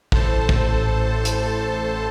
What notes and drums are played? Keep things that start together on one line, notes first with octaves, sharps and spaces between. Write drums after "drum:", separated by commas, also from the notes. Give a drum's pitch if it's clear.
A1 A2 A4 C5 A5, drum: kick
drum: kick
drum: hi-hat